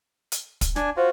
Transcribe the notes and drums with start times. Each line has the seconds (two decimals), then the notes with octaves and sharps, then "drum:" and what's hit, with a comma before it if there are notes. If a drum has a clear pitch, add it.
0.32 drum: hi-hat
0.61 drum: kick, hi-hat
0.76 D4 G#5, drum: snare
0.97 F4 F#4 C5